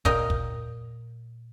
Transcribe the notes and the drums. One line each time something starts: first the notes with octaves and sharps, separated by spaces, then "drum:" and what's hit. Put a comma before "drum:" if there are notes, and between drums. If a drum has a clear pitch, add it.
A#2 A#4 D#5 G5, drum: kick
drum: kick